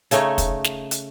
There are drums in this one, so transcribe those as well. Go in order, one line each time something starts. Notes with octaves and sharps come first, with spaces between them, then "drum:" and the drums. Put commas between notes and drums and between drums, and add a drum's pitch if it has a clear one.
C#3 A3 D#4 C#5, drum: hi-hat
drum: kick, hi-hat
drum: snare
drum: hi-hat